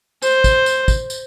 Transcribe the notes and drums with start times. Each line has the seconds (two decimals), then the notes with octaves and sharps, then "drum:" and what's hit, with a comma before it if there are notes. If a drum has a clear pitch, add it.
0.22 C5, drum: tambourine
0.44 drum: kick, tambourine
0.66 drum: tambourine
0.88 drum: kick, tambourine
1.10 drum: tambourine